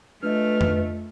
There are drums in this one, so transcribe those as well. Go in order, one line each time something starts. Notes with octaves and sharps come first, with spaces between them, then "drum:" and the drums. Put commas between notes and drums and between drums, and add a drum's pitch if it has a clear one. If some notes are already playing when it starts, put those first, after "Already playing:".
A3 D4 F4 B4 D#5 F6
drum: tom F2